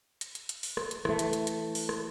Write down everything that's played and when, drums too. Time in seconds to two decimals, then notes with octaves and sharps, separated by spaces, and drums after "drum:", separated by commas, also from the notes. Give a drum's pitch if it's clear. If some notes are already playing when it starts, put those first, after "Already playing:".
0.21 drum: hi-hat
0.35 drum: hi-hat
0.49 drum: hi-hat
0.63 drum: open hi-hat
0.77 drum: rim click
0.91 drum: hi-hat
1.05 E3 A3, drum: rim click
1.19 drum: hi-hat
1.33 drum: hi-hat
1.47 drum: hi-hat
1.75 drum: open hi-hat
1.89 drum: rim click